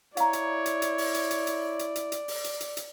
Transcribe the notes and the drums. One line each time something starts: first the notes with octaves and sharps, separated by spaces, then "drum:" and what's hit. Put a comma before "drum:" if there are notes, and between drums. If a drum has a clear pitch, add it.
E4 C#5 D5 F5 A#5, drum: hi-hat
drum: hi-hat
drum: hi-hat
drum: hi-hat
drum: open hi-hat
drum: hi-hat
drum: hi-hat
drum: hi-hat
drum: hi-hat
drum: hi-hat
drum: hi-hat
drum: open hi-hat
drum: hi-hat
drum: hi-hat
drum: hi-hat